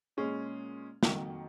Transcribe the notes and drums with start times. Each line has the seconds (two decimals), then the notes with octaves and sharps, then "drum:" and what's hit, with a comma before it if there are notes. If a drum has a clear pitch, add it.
0.17 A#2 G#3 C#4 G#4
1.03 F2 D#3 F#3 A#3, drum: snare